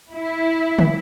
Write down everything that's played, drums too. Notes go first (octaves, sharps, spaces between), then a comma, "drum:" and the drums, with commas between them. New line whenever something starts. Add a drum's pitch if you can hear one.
E4
drum: tom